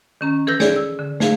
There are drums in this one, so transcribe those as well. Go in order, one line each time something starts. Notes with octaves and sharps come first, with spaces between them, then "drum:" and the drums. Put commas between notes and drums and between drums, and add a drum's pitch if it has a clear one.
D#3 C#4 A#5
E3 A4 B4 E6 G6 A#6
G#4 C#5 D5, drum: snare
E6
D3
A3 G#4 F5, drum: snare